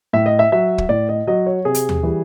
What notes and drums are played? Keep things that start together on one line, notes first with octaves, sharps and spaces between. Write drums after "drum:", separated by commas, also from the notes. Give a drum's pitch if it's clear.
A2 E5
D#5
E5
F#3 E5
drum: kick
A2 D5
D#5
F#3 D#5
C#5
C3 G#4
drum: hi-hat
drum: tom D#2
E3 G3